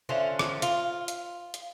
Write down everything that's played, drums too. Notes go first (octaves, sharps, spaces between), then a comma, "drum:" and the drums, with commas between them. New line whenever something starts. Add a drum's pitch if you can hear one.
D3 C#4 F4 C5 E5
drum: rim click
F4, drum: hi-hat
drum: hi-hat
drum: hi-hat